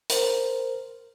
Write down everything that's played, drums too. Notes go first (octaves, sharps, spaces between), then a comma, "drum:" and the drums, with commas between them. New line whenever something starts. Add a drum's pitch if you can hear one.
A#4 C5, drum: hi-hat